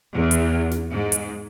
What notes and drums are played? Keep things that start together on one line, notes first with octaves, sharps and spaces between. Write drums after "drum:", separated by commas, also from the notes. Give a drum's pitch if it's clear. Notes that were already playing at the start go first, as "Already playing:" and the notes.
E2
drum: hi-hat
drum: snare
G#2
drum: hi-hat